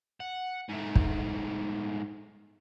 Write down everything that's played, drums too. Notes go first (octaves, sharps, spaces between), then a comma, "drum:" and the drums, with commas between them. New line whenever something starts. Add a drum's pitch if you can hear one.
F#5
G#2 A3
drum: kick